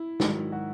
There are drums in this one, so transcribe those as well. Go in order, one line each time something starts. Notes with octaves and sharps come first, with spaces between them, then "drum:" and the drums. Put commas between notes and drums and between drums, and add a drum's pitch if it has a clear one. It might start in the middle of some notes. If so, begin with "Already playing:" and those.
Already playing: E4
G#2 D#3 F#3, drum: snare
F#4